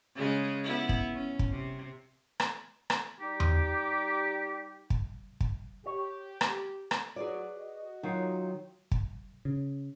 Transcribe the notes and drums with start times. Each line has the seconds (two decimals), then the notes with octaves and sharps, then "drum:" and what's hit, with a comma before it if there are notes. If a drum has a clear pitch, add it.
0.16 C#3 G#3 G#4
0.64 B3 E4
0.89 drum: kick
1.14 C#4
1.39 drum: kick
1.51 C3
2.40 drum: rim click
2.90 drum: rim click
3.20 G3 D#4 G4
3.40 drum: tom E2
4.90 drum: kick
5.40 drum: kick
5.86 G4 C#5
6.41 drum: rim click
6.91 drum: rim click
7.16 F#3 G#4 B4 D5
7.57 F#4 D#5
8.03 D#3 F#3 D#4 F4
8.91 drum: kick
9.45 C#3